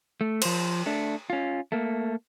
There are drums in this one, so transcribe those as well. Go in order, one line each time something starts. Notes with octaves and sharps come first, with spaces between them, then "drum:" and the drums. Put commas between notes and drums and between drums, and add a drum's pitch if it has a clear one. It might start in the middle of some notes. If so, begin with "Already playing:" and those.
A3
F3 C5, drum: cymbal
A3 D4
C#4 F4
A3 A#3